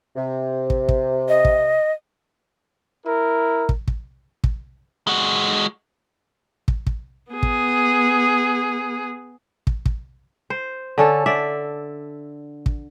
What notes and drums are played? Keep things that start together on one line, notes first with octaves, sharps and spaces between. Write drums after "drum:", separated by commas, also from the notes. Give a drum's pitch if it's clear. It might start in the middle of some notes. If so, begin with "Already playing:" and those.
C3
drum: kick
drum: kick
D#5
drum: kick
E4 A#4
drum: kick
drum: kick
drum: kick
G#3 F#4
drum: kick
drum: kick
B3 G#4
drum: kick
drum: kick
drum: kick
C5
D3 C#4 A4
D3 D5 E5
drum: kick